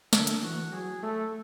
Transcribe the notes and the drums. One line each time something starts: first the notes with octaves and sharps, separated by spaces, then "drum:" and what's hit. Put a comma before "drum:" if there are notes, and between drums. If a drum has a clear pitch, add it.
D3 A4, drum: snare
drum: hi-hat
E3 F#4
F#3 G#4
A3 A4